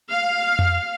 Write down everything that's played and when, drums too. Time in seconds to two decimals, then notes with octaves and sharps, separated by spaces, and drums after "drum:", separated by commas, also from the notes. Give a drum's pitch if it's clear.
0.11 F5
0.59 drum: tom F2